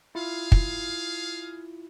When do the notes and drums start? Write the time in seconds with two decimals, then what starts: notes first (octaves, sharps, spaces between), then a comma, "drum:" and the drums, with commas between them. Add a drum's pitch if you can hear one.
0.15 E4 F4 G#4 F5
0.52 drum: kick